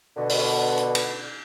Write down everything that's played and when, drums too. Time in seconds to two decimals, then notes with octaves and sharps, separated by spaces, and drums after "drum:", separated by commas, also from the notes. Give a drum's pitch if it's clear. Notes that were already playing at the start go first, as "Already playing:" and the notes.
0.17 B2 D3
0.29 drum: open hi-hat
0.78 drum: hi-hat
0.95 drum: cymbal